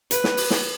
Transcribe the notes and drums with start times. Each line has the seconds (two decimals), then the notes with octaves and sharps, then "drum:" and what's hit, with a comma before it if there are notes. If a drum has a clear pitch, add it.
0.11 B4, drum: hi-hat
0.24 drum: snare
0.37 drum: open hi-hat
0.50 drum: snare